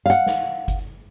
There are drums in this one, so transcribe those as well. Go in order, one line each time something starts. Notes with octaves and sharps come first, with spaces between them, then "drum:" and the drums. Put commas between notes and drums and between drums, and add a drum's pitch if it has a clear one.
F5 F#5
drum: snare
drum: kick G1, hi-hat